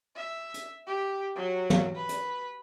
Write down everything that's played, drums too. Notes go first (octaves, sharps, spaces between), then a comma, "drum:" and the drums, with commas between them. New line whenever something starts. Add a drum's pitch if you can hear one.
E5
drum: hi-hat
G4
F#3
drum: tom
B4
drum: hi-hat